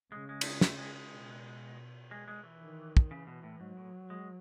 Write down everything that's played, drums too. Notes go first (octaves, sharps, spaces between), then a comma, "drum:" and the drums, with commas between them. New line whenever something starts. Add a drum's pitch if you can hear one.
C#3 G#3
G#3
A3, drum: cymbal
G#3
A3, drum: snare
G#3
G#3
B2
G#3
G#3
E3
D#3
drum: kick
C#3 E3
B2
A2
G#2 F#3
A2
G#3